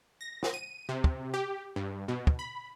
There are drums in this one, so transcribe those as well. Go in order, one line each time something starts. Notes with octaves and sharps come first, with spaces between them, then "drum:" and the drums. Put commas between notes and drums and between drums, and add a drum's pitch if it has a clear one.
A#6
drum: snare
D#7
C3
drum: kick
G4
G2
B2
drum: kick
B5